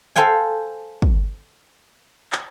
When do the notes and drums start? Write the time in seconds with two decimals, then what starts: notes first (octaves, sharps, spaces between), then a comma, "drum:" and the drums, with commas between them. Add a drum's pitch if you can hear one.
0.16 A4 C5 F5 G5 G#5
1.02 drum: kick
2.32 drum: clap